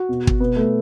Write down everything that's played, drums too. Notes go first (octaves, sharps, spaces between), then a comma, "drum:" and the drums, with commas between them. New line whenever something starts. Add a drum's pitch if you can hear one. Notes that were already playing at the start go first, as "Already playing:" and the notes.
Already playing: F#4
B2
drum: kick
B2 B3
A3